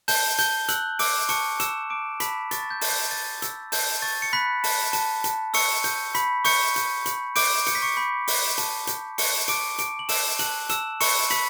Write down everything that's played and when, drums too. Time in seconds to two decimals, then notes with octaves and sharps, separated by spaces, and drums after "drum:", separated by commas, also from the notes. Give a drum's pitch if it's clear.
0.08 A5 G6 G7, drum: open hi-hat
0.38 A5 G6 G7, drum: hi-hat
0.68 E6 F#6 F#7, drum: hi-hat
0.99 D6 E6 D7, drum: open hi-hat
1.29 A5 C#6 C#7, drum: hi-hat
1.60 C#6 E6 E7, drum: hi-hat
1.90 A5 D6 D7
2.20 A5 B5 B6, drum: hi-hat
2.51 C#6 A6, drum: hi-hat
2.62 A6
2.70 G6
2.81 A5, drum: open hi-hat
2.91 G6
3.11 A5 A6
3.42 E6, drum: hi-hat
3.72 A5 G6, drum: open hi-hat
4.02 C#6 A6
4.22 C#7
4.33 B5 F#6 B6
4.64 A5, drum: open hi-hat
4.93 A5, drum: hi-hat
5.24 A5, drum: hi-hat
5.54 C#6 E6 C#7, drum: open hi-hat
5.84 G6, drum: hi-hat
6.15 B5 B6, drum: hi-hat
6.45 C#6 G6 C#7, drum: open hi-hat
6.76 G6, drum: hi-hat
7.06 B5, drum: hi-hat
7.36 D6 G6 D7, drum: open hi-hat
7.67 G6 C#7, drum: hi-hat
7.75 B6
7.82 C#6 C#7
7.97 B5 G6 B6
8.28 C#6, drum: open hi-hat
8.58 A5, drum: hi-hat
8.87 G6, drum: hi-hat
9.18 A5 C#6 C#7, drum: open hi-hat
9.48 A5 D6 D7, drum: hi-hat
9.78 A5 D6 D7, drum: hi-hat
9.99 F#7
10.09 A5 E6 E7, drum: open hi-hat
10.39 A5 F#6 F#7, drum: hi-hat
10.69 A5 E6 E7, drum: hi-hat
11.01 B5 C#6 C#7, drum: open hi-hat
11.30 B5 B6, drum: hi-hat